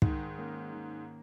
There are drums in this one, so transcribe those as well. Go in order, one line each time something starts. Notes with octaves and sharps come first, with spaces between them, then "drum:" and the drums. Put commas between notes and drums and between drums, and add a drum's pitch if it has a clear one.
G#2 D#3, drum: kick
A#3 C#4 A#4
D#3